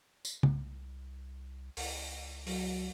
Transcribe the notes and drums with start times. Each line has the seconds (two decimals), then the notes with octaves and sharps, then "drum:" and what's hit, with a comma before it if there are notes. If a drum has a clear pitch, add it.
0.25 drum: tambourine
0.43 C2, drum: tom C#3
1.77 C#2, drum: open hi-hat
2.47 F#3, drum: open hi-hat